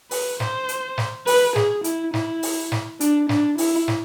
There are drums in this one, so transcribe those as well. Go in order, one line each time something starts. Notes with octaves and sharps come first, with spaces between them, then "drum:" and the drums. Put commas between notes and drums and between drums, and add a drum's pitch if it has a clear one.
B4, drum: open hi-hat
C5, drum: snare
drum: hi-hat
drum: snare
B4, drum: open hi-hat
G#4, drum: snare
E4, drum: hi-hat
E4, drum: snare
drum: open hi-hat
drum: snare
D4, drum: hi-hat
D4, drum: snare
E4, drum: open hi-hat
drum: snare